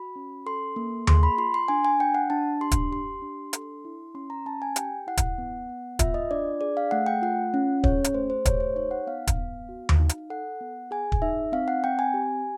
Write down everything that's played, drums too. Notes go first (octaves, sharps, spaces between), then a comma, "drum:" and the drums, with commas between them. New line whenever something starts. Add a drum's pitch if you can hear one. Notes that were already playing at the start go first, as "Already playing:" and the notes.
Already playing: F#4 B5
C#4
A4 C6
A#3
G#4 C6, drum: tom D#2
B5
F4 C6
C6
D4 G#5
G#5
D4 G5
F#5
D4 A5
G4 C6
drum: kick, hi-hat
G4 C6
D4
A4, drum: hi-hat
E4
C#4 C6
A#5
C#4 A5
G#5
G4 G5, drum: hi-hat
E4 F#5
drum: kick, hi-hat
B3
B3
F4 E5, drum: kick, hi-hat
D#5
D4 D5
G#4 D5
F5
A3 F#5
G5
F4 F#5
C#4
G#4 C#5, drum: kick
drum: hi-hat
A3 C5
C5
G4 C#5, drum: kick, hi-hat
C5
D#4 C#5
F#5
B3 F5
drum: kick, hi-hat
B3
F#4
drum: tom D#2
D#4
drum: hi-hat
A4 F#5
B3
G#4 G#5
drum: kick
D#4 E5
C4 F5
F#5
C4 G5
G#5
G4